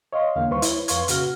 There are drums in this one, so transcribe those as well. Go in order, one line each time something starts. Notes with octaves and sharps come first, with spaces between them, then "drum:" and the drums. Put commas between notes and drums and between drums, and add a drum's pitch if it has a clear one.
C#5 D#5 F5 C6
E2 D3 A#3 F5
D#2 G3 B4 C5 C6 C#6
E4 C#5, drum: hi-hat
F2 B4 F5 C6 C#6 G#6, drum: hi-hat
A#2 C#3 F#4 F6, drum: hi-hat